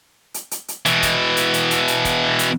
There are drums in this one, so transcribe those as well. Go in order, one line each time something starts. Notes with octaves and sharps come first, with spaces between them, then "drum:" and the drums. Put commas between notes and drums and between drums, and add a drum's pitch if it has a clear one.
drum: hi-hat
drum: hi-hat
drum: hi-hat
B2 E3, drum: hi-hat
drum: kick, hi-hat
drum: hi-hat
drum: hi-hat
drum: hi-hat
drum: hi-hat
drum: kick, hi-hat
drum: hi-hat